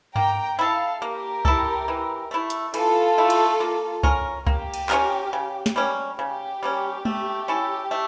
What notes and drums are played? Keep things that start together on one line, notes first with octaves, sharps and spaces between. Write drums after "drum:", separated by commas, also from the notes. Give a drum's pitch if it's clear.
A#3 G5 A#5, drum: tom G2
E4 A4 F5 A5
A#3 G4 A#4
E4 A4, drum: kick C#2
E3
A3 E4
drum: hi-hat
E3 F4 A4, drum: cymbal
A3 E4
drum: cymbal
A#3
C#4 F4 A#4, drum: kick C#2
A#3 G4, drum: kick C#2
drum: cymbal
C#4 F4 A#4, drum: clap
C#3
drum: snare
G3 A#3 C#4
C#3 G4
G3 A#3 C#4
A3, drum: tom G#3
C#4 E4 A4
A3